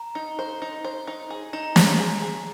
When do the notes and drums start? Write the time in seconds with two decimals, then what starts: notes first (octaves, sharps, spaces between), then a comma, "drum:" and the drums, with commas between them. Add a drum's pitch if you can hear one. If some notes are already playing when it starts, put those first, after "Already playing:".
Already playing: A#5
0.15 D#4
0.39 C5
0.62 D#4
0.84 C5
1.07 D#4
1.30 G#4
1.53 D#4 A#5
1.76 C5, drum: snare
1.98 G#4
2.22 G#4